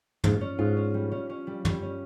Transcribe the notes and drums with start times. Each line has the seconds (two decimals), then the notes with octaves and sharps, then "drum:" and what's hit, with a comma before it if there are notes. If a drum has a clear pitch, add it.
0.24 G#2 F4, drum: tom
0.41 C#4
0.59 G#2 F4
0.77 C#4
0.94 G3
1.12 C#4
1.30 C#4
1.47 G3
1.65 G3, drum: tom
1.82 C#4